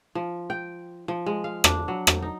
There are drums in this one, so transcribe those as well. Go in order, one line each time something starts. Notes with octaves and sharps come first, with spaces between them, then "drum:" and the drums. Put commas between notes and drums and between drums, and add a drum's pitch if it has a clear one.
F3
G5
F3
G#3
F5
D4, drum: rim click
F#3
drum: rim click
D#4